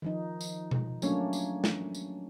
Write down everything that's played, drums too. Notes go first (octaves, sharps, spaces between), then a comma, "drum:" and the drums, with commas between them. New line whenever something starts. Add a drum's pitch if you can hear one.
D#3 F3 D#4
drum: tambourine
drum: tom B2
F#3 A3 A#3 C#4 D4 C#5, drum: tambourine
drum: tambourine
drum: snare
drum: tambourine